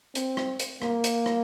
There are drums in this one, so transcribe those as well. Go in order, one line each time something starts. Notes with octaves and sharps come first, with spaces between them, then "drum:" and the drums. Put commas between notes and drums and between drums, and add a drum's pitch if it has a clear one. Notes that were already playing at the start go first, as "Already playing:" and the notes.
C4, drum: hi-hat
drum: rim click
drum: hi-hat
A#3, drum: rim click
drum: hi-hat
drum: rim click